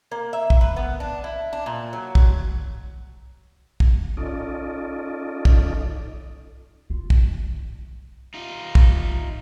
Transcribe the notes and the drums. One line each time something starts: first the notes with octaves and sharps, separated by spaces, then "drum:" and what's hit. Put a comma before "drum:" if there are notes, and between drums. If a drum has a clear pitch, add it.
A#3
E5
drum: kick
B4
B3
D4
E4
D4
A#2
F#3
drum: kick
drum: kick
C#4 D#4 F4 A4 D5 D#5
drum: kick
F4
drum: kick
D#4 F4
drum: kick